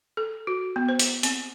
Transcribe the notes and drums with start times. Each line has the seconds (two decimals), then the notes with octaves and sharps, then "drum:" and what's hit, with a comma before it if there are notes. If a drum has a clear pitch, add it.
0.17 A4
0.47 F#4
0.76 B3
0.89 C5
0.99 drum: hi-hat
1.23 C4, drum: hi-hat